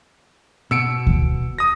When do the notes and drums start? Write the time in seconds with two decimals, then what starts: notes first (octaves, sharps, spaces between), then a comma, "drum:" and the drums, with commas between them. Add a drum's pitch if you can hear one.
0.71 B2 E6 C#7 D7
1.07 drum: kick D2
1.59 D#6 A#6